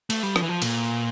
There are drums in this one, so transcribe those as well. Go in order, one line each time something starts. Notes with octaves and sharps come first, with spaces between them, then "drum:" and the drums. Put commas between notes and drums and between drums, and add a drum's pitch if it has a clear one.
A3, drum: cymbal
G3
F3, drum: rim click
E3
F3
A#2, drum: cymbal